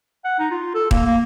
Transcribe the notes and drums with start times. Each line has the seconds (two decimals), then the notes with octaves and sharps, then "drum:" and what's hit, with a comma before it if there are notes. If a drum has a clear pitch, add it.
0.24 F#5
0.39 D#4
0.51 F4
0.75 A4
0.91 A#3, drum: kick D#1
1.06 A#3